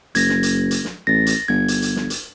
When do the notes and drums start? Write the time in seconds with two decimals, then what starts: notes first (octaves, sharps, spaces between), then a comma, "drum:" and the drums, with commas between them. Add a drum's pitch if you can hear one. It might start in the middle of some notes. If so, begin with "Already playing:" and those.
0.15 F#1 G#6 A#6, drum: hi-hat
0.29 drum: snare
0.43 drum: hi-hat
0.71 drum: hi-hat
0.85 drum: snare
1.07 A1 A6 A#6
1.26 drum: hi-hat
1.48 G1 G#6
1.68 drum: hi-hat
1.82 drum: hi-hat
1.96 drum: snare
2.10 drum: hi-hat